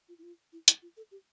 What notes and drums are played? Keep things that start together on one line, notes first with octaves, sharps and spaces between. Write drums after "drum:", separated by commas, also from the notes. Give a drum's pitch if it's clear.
F4
E4
F4
E4
E4, drum: hi-hat
F4
A4
G4